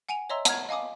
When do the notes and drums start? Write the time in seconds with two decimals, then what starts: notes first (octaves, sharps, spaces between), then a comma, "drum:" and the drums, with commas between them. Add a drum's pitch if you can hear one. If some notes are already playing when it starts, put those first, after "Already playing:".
0.09 F#5 G#5 D7 D#7 F7
0.30 C#5 D#5 E5 A#5 C6 E6
0.45 F#5 A#5 D#6 F6 G#6, drum: hi-hat
0.69 D#5 F5 G#5 D6 D#6